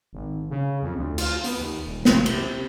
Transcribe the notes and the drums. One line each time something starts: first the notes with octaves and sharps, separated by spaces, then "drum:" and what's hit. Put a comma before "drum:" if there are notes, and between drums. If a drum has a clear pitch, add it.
G#1
C#3
F2
D2
F4, drum: cymbal
B3, drum: open hi-hat
D#2
D#1
A1, drum: snare
C3, drum: cymbal